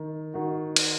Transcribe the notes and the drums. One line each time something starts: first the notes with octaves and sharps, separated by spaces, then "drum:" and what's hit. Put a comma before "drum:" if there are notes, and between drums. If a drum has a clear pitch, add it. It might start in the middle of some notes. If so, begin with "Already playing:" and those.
Already playing: D#3
D#3 F#4
drum: cymbal